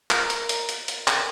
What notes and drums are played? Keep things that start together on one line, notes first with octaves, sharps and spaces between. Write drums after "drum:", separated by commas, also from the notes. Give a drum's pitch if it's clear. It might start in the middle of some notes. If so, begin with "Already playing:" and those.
A#4, drum: clap
drum: hi-hat
drum: hi-hat
drum: hi-hat
drum: hi-hat
drum: clap